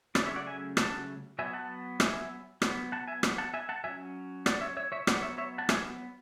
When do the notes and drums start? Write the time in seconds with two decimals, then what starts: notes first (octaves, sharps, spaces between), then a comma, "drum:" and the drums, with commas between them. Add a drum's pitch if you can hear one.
0.15 C#3 F#3 A3 C#4 B4 D5, drum: rim click
0.26 C#5 E5
0.36 D5 F#5
0.46 E5 G#5
0.77 F#5 A5, drum: rim click
1.39 F#3 B3 E5 G#5
1.53 F#5 A5
2.00 E5 G#5, drum: rim click
2.62 F#3 B3, drum: rim click
2.92 F#5 A5
3.08 E5 G#5
3.23 drum: rim click
3.38 F#5 A5
3.54 E5 G#5
3.69 F#5 A5
3.84 F#3 C#4 E5 G#5
4.46 D5 F#5, drum: rim click
4.61 C#5 E5
4.77 C#5 E5
4.92 C#5 E5
5.07 F#3 B3 D5 F#5, drum: rim click
5.22 C#5 E5
5.38 C#5 E5
5.58 F#5 A5
5.69 E5 G#5, drum: rim click